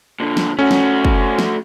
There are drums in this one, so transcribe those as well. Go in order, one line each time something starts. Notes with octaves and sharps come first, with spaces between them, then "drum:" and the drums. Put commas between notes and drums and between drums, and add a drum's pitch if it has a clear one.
A#2 D3
drum: snare
A3 C#4 F#4
drum: snare
drum: kick
drum: snare